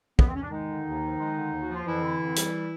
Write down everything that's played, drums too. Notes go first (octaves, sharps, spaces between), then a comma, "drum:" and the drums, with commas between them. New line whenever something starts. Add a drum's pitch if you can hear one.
B3, drum: kick
C4
C#4
D4
D#3 G#3 D#4
D3
D#2
F3
G#3
D3
D#2
F#4
F3 F4
F2 E3 E4
D3
F2
G3, drum: hi-hat